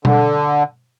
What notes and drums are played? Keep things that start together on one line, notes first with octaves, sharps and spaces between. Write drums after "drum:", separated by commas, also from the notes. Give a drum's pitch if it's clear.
D3, drum: tom B2